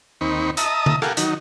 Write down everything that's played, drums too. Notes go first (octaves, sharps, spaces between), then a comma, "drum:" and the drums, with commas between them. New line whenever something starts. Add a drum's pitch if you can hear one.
D#2 C4 D#4 B5 C#6
D#5 E5 A5 A#5 D#6, drum: hi-hat
drum: tom C#3
G4 A4 A#4 F5 F#5 G#5, drum: rim click
D#3 F#3 D#4, drum: hi-hat